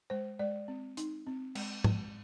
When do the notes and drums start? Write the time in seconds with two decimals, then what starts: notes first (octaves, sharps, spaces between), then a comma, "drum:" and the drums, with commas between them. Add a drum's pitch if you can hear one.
0.10 G#3 C5
0.39 G#3 D5
0.68 C4
0.97 D#4, drum: hi-hat
1.27 C4
1.55 G#3, drum: cymbal
1.84 G#3, drum: tom G#2